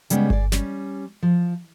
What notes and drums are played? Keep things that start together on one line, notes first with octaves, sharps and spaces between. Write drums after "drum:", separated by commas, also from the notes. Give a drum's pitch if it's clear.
C#3 G3 G#3 B3 C#4, drum: hi-hat
G#4 D5, drum: kick G1
G3 C#4, drum: snare
F3